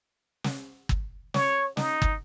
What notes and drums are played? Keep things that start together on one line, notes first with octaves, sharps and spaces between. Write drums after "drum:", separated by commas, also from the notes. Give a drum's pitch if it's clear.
drum: snare
drum: kick G1
C#5, drum: snare
D#4, drum: snare
drum: kick G1